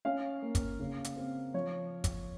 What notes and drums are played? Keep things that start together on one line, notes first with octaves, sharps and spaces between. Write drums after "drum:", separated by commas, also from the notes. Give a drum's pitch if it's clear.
C#4 F5
A#3
drum: kick, hi-hat
C#3
drum: hi-hat
C4
F3 C#5
drum: kick, hi-hat